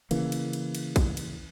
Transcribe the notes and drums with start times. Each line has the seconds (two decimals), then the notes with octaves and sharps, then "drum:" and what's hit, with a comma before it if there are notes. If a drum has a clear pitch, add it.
0.11 C#3 E3 A#3, drum: cymbal
0.32 drum: cymbal
0.53 drum: cymbal
0.75 drum: cymbal
0.96 drum: kick, cymbal
1.17 drum: cymbal